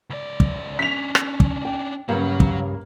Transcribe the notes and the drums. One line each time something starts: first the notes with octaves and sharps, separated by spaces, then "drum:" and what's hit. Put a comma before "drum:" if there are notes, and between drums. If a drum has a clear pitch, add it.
C#2 D5
drum: kick
C#4 D4 B6 F7
drum: rim click
drum: kick
G5
G2 C#3 F#3 A#3
drum: kick